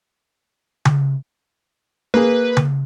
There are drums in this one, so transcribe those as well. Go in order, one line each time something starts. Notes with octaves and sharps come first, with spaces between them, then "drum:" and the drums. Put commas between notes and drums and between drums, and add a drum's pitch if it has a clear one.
drum: tom C#3
A#3 G#4 B4
drum: tom C#3